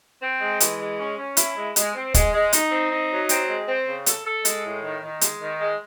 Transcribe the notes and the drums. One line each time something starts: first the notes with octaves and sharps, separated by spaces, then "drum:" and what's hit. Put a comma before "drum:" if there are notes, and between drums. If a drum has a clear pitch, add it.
C4
G#3
E3, drum: hi-hat
G#3
C#4
C#4
E4, drum: hi-hat
G#3
G#3, drum: hi-hat
C4
G#3, drum: kick, hi-hat
G#3
D#4, drum: hi-hat
C4
D#4
F#3
C4, drum: hi-hat
G#3
C4
C#3
A4, drum: hi-hat
A4
G#3, drum: hi-hat
A2
D#3
D#3
G#3, drum: hi-hat
D#3
G#3